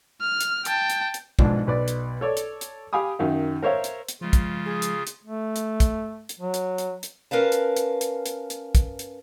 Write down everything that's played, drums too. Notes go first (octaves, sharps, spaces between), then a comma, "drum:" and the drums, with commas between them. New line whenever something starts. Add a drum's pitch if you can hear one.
F6
drum: hi-hat
G5 A5, drum: hi-hat
drum: hi-hat
drum: hi-hat
B1 G#2 F3 D4, drum: kick
B1 B4 D5
drum: hi-hat
A4 C#5 D5
drum: hi-hat
drum: hi-hat
G4 F5 G#5 B5 D#6
F#2 D#3 F5
A#4 C5 C#5 E5 F5
drum: hi-hat
drum: hi-hat
C#3 F3 G#3 F4
drum: kick, hi-hat
G#4
drum: hi-hat
drum: hi-hat
A3
drum: hi-hat
drum: kick, hi-hat
drum: hi-hat
F#3
drum: hi-hat
drum: hi-hat
drum: hi-hat
C#4 A#4 B4 F5 A5
drum: hi-hat
drum: hi-hat
drum: hi-hat
drum: hi-hat
drum: hi-hat
drum: kick, hi-hat
drum: hi-hat